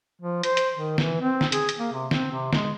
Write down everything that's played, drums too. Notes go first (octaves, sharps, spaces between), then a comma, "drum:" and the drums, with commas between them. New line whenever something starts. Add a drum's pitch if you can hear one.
F3
C5, drum: hi-hat
drum: hi-hat
D#3
E3, drum: snare
C4
drum: snare
G#4, drum: hi-hat
drum: hi-hat
A#3
C3
C4, drum: snare
C3
G#3, drum: snare